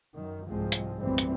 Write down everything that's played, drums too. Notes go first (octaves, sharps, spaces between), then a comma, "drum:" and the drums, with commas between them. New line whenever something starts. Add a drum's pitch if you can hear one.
F#2 D#3
C2 G#2 F3 G#3 C4
drum: hi-hat
B1 F#2 A2 E3 G3 C4
drum: hi-hat